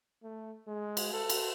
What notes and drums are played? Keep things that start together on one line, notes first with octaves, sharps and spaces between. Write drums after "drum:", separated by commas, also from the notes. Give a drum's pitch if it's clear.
A3
G#3
drum: cymbal
A4
drum: cymbal